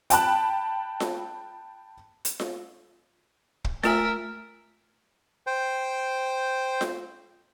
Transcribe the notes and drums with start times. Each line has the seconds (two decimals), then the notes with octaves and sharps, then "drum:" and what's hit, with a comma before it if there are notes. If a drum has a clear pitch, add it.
0.10 G5 A5 B5 F#6, drum: hi-hat
1.00 drum: snare F4
2.25 drum: hi-hat
2.40 drum: snare F4
3.65 drum: kick
3.83 A3 F4 A#4 E5 G#5, drum: snare F4
5.47 C5 G5
6.81 drum: snare F4